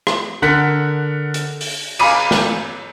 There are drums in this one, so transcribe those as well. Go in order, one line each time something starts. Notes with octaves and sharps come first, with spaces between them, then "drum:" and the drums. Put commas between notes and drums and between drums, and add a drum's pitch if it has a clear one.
drum: rim click
D3 A#4 F#5 F#6 B6
drum: hi-hat
drum: open hi-hat
F5 G#5 A#5 B5 D6 D#7, drum: cymbal
drum: snare